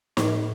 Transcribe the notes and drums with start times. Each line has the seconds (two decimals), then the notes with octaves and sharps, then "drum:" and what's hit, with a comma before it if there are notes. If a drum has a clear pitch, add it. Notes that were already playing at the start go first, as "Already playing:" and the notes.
0.17 A2, drum: snare